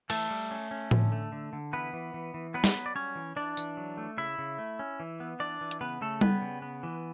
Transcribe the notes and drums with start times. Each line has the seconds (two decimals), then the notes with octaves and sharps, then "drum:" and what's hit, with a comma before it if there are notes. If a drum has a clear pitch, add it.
0.10 E3 A3 A4, drum: cymbal
0.31 G3
0.51 C#4
0.71 C#4
0.91 D3, drum: tom A2
1.12 A3
1.32 D3
1.53 D3
1.73 E3 B3 B4
1.93 E3
2.14 E3
2.34 E3
2.54 F#3 B3 B4
2.64 drum: snare
2.75 F#3
2.86 D5
2.95 G3 C#4 C#5
3.15 E3
3.36 E3 D4 D5
3.57 E3, drum: tambourine
3.77 F#3
3.97 A3
4.18 C#3 E4 E5
4.38 C#3
4.58 A3
4.79 C#4
5.00 E3
5.20 B3
5.40 E3 D4 D5
5.61 E3
5.71 drum: hi-hat
5.81 C#3 B3 B4
6.01 C#3 A3 A4
6.21 G3 B3 B4, drum: tom G3
6.42 C#3
6.62 B3
6.83 E3